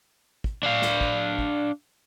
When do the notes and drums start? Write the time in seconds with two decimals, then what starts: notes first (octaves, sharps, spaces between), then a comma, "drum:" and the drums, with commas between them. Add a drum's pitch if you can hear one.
0.44 drum: kick
0.63 D4 F5
0.82 drum: snare
1.01 drum: kick
1.39 drum: kick